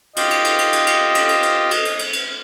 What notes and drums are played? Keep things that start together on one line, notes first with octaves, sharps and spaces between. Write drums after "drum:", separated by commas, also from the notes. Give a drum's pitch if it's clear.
F4 G4 D#5, drum: cymbal
drum: cymbal
drum: cymbal
drum: cymbal
drum: cymbal
drum: cymbal
drum: cymbal
drum: cymbal
drum: cymbal
drum: cymbal
drum: cymbal
drum: cymbal
drum: cymbal